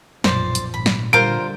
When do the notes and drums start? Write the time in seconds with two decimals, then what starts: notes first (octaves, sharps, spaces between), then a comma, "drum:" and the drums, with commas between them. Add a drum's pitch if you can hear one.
0.24 B1 F#2 A#2 F3 C5 D5, drum: snare
0.55 drum: hi-hat
0.74 G#1 A#2 B5
0.86 drum: snare
1.13 D3 G3 F4 A#4 C5 D7